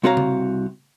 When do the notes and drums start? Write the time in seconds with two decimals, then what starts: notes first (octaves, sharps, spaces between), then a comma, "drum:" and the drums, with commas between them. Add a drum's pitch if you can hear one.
0.03 C2 C4 F#4 C#5 F5 A#5
0.17 drum: tom C#3